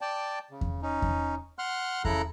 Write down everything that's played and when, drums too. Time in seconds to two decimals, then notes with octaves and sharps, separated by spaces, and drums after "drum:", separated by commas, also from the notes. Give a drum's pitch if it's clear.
0.01 D5 G5 A5
0.51 C#3
0.61 drum: kick E2
0.82 C#4 D#4
1.02 drum: kick E2
1.59 F#5 C6 F6 F#6
2.05 C#3 E4 A4 A#5 F#6, drum: kick E2